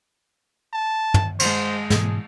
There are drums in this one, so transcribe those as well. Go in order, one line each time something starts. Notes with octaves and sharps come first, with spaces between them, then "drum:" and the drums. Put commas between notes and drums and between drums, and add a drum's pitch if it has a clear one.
A5
drum: tom
G#3 C5, drum: cymbal
G#2 B2 E3 G#4, drum: snare